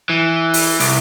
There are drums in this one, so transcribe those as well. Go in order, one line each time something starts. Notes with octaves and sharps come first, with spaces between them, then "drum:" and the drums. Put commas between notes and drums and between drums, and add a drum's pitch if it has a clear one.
E3
drum: open hi-hat
C2, drum: open hi-hat